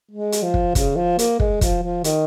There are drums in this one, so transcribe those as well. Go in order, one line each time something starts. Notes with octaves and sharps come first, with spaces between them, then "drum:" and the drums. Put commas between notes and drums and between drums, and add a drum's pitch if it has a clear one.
G#3
drum: hi-hat
F3
drum: kick
C#3, drum: kick, hi-hat
F3
A#3, drum: hi-hat
G#3, drum: kick
F3, drum: kick, hi-hat
F3
D#3, drum: hi-hat